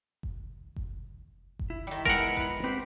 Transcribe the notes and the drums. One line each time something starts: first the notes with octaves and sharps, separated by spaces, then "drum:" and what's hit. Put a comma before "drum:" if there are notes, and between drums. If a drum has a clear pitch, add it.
drum: kick F#1
drum: kick F#1
drum: kick F#1
E4
D#3 G3
G#3 B3 A#4 E5 F#5, drum: kick F#1
B4 B5, drum: kick F#1
C4 G4 B4